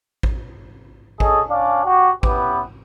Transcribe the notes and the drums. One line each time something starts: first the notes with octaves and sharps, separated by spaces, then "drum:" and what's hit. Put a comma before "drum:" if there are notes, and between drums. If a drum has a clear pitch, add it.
drum: kick A1
C#4 G#4 A4 D#5, drum: kick A1
C#4 D4 D5 F5
F#4 G4
B3 C#4 E4 G4 B4, drum: kick A1